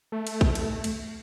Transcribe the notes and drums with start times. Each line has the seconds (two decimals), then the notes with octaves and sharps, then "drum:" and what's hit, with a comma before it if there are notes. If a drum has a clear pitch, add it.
0.12 A3
0.27 drum: cymbal
0.41 drum: kick
0.55 drum: cymbal
0.84 drum: cymbal